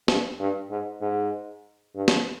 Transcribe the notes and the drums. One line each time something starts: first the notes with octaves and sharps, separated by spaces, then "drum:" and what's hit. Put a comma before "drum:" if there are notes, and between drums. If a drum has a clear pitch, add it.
G2, drum: snare
G2
G#2
G#2
G2
drum: snare